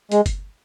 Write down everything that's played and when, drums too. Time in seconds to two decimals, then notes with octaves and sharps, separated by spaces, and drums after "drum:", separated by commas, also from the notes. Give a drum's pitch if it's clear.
0.12 G#3, drum: hi-hat
0.26 drum: kick F#1, hi-hat